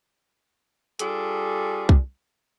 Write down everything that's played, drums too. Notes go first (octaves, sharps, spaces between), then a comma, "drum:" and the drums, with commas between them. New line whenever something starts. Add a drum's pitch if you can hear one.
G3 D4 F4 G#4 A4, drum: hi-hat
drum: kick C2